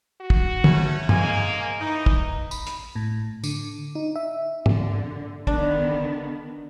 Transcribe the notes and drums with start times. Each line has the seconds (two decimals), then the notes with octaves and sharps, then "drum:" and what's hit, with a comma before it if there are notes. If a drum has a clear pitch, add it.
0.21 F#4
0.30 drum: kick
0.64 C#3 A3 C#4, drum: tom
1.09 G#2 A#3 G#5, drum: tom
1.80 E3 D#4
2.06 drum: kick
2.51 B5, drum: tambourine
2.67 drum: hi-hat
2.96 A2
3.44 D3, drum: tambourine
3.95 D#4
4.16 E5
4.66 D3, drum: tom G#2
5.47 D3 D#3 B3 D4, drum: kick